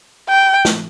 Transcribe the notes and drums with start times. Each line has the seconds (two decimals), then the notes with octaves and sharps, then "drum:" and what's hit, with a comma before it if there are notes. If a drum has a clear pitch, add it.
0.29 G5
0.65 drum: snare